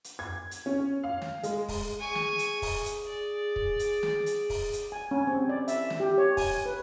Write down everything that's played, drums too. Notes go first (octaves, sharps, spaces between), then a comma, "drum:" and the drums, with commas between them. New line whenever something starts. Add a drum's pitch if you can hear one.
drum: hi-hat
G#6
drum: hi-hat
C#4
F5
drum: snare
G#3, drum: hi-hat
drum: kick, open hi-hat
G#4 G#5 C#6
drum: snare
drum: hi-hat
drum: kick, open hi-hat
drum: hi-hat
D5
drum: kick
drum: hi-hat
drum: snare
drum: hi-hat
drum: kick, open hi-hat
drum: hi-hat
G#5
C#4
C4
D5
E5, drum: hi-hat
drum: snare
G4
C#5
G#5, drum: kick, open hi-hat
B4